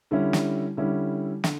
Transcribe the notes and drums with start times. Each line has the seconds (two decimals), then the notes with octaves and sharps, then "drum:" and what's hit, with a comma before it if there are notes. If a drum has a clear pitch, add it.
0.11 D3 G3 C#4 E4
0.33 drum: snare
0.77 D3 G3 C#4 E4
1.44 D3, drum: snare